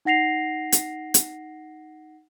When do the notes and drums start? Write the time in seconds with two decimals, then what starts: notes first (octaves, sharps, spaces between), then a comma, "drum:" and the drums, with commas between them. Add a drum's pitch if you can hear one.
0.05 D#4 F#5 A#6 C7 F7
0.72 drum: hi-hat
1.14 drum: hi-hat